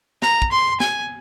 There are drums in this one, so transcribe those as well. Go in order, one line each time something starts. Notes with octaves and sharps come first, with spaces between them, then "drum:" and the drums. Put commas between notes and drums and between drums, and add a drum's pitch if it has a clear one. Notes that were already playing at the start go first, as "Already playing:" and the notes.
A#5, drum: snare
drum: kick
C6
G#5, drum: snare